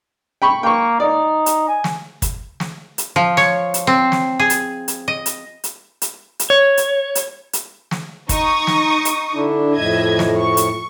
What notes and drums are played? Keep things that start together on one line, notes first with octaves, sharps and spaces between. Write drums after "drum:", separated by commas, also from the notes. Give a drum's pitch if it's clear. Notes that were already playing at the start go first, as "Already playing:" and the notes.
G5 B5 C#6
A#3 G5 C#6
D#4 D5
drum: hi-hat
G#5
drum: snare
drum: kick, hi-hat
drum: snare
drum: hi-hat
F3
C#5, drum: snare
drum: hi-hat
C4
drum: snare
G#4
drum: hi-hat
drum: hi-hat
D#5
drum: hi-hat
drum: hi-hat
drum: hi-hat
drum: hi-hat
C#5
drum: hi-hat
drum: hi-hat
drum: hi-hat
drum: snare
D#4 C#6 D#6, drum: kick, hi-hat
drum: snare
drum: hi-hat
D3 D4 E4
F2 A2 D#5 E5 G#6
drum: snare
C#6
drum: hi-hat